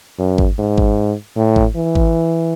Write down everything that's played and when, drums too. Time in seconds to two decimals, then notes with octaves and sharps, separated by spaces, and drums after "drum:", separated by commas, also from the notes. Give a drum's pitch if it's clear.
0.19 F#2
0.38 drum: kick G#1
0.59 G#2
0.78 drum: kick G#1
1.37 A2
1.56 drum: kick G#1
1.76 E3
1.95 drum: kick G#1